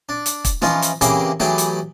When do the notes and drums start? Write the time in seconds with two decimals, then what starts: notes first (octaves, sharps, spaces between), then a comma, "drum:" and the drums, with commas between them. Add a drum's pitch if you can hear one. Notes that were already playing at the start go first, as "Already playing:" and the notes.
0.09 D4
0.26 drum: hi-hat
0.45 drum: kick, hi-hat
0.62 E3 F3 C#4 D#4 F4, drum: snare
0.82 drum: hi-hat
1.01 C#3 E3 A#3 C4 G4 G#4, drum: hi-hat
1.40 E3 F#3 A3 G4 G#4, drum: snare
1.58 drum: hi-hat